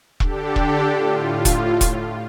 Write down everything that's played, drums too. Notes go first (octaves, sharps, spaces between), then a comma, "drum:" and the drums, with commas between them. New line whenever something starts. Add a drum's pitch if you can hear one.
D3 D4 G4 A4, drum: kick E1
drum: kick E1
A2 F4
drum: kick E1, hi-hat
drum: kick E1, hi-hat